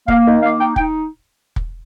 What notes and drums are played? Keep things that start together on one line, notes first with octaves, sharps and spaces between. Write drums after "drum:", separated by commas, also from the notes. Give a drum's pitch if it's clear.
A#3 F5, drum: kick
D#3
A#3 F5
D#4 G5
D#4 G5, drum: kick
drum: kick